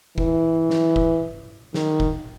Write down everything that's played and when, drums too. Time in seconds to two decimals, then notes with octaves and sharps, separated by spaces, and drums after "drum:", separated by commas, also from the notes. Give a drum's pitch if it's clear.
0.18 E3, drum: kick F1
0.70 drum: snare
0.96 drum: kick F1
1.74 D#3, drum: snare
2.00 drum: kick F1